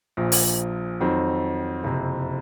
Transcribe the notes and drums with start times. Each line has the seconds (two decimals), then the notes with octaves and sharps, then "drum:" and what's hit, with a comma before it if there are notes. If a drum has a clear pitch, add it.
0.17 A#1 A#2 F3
0.32 drum: open hi-hat
1.00 F2 D#3 F#3 C4
1.84 F#1 F2 C3